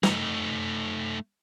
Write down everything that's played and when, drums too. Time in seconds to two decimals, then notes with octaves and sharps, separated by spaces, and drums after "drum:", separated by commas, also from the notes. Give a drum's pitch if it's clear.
0.03 A3 D#4, drum: snare